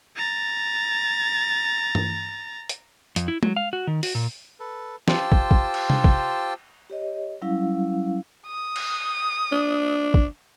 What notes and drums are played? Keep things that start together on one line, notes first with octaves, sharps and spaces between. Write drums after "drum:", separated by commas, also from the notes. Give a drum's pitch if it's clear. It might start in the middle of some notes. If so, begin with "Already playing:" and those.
A#5 A6
drum: tom
drum: hi-hat
F2, drum: hi-hat
E4
F#3, drum: tom G#3
F5
F#4
D#3
F#4, drum: open hi-hat
A#2
A4 B4
F4 G4 C5 G5 A5 E6, drum: snare
drum: kick
drum: kick
drum: cymbal
drum: tom C3
drum: kick
G4 C#5 D#5
F#3 G3 C#4 E4 F5
D#6
drum: cymbal
D4
drum: kick